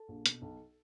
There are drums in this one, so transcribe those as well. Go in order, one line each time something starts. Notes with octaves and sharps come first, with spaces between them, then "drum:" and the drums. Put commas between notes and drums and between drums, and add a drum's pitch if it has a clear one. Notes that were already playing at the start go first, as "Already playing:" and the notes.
Already playing: A4
A#1
B2, drum: hi-hat
B1